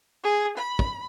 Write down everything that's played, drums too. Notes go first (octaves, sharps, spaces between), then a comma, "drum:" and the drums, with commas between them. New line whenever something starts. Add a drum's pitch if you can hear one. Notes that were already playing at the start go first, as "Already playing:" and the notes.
G#4
B5
drum: kick